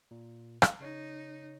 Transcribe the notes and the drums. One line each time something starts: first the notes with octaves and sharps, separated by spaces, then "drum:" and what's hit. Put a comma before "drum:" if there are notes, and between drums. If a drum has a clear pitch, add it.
A#2
drum: rim click
C#3 D#4 C#5